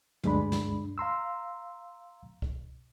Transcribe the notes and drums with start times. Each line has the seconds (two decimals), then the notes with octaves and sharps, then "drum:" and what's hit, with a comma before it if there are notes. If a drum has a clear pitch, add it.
0.24 D2 G2 G#3 D4 B5, drum: tom
0.52 drum: snare
0.98 F5 A#5 C6 E6
2.42 drum: kick